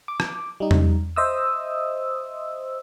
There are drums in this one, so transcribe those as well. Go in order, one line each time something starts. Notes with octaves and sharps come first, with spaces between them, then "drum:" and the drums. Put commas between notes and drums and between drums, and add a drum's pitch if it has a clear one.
D6
drum: rim click
G3 D#4
drum: tom E2
C5 D#5 E5 D#6 E6